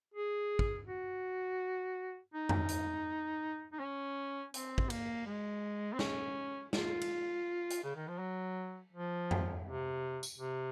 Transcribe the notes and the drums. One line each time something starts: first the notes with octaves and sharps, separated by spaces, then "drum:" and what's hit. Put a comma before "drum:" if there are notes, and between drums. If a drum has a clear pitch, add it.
G#4
drum: kick
F#4
D#4
drum: tom F2
drum: hi-hat
D#4
C#4
C4, drum: hi-hat
drum: kick
A#3, drum: cymbal
G#3
C4
C#4, drum: snare
F4, drum: snare
drum: cymbal
drum: hi-hat
C#3
D#3
F3
F#3
F3
drum: tom F2
C3
drum: tambourine
C3